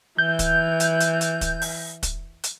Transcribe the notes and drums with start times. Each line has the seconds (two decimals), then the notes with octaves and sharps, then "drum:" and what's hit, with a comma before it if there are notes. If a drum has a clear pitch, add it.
0.18 E3 G6
0.39 drum: kick, hi-hat
0.80 drum: hi-hat
1.00 drum: hi-hat
1.21 drum: hi-hat
1.41 drum: kick, hi-hat
1.62 drum: open hi-hat
2.03 drum: kick, hi-hat
2.44 drum: hi-hat